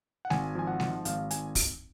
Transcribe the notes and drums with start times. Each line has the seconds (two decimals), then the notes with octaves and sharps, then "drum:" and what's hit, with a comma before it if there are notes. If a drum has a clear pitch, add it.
0.25 F#5
0.30 G#1 G#5, drum: snare G#3
0.55 F3 G#5
0.67 F#5
0.80 G#2, drum: snare G#3
1.05 G#1 F5, drum: hi-hat
1.31 G#5, drum: hi-hat
1.55 drum: kick, open hi-hat